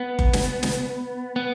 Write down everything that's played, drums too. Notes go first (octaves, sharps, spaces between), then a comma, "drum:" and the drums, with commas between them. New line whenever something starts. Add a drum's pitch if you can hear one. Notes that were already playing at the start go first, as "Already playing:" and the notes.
Already playing: B3
drum: kick F#1
drum: snare
drum: snare
B3